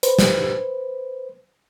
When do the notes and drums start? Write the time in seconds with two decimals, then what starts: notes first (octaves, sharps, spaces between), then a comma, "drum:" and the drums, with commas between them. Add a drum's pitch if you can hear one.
0.03 B4 C5, drum: hi-hat
0.19 drum: snare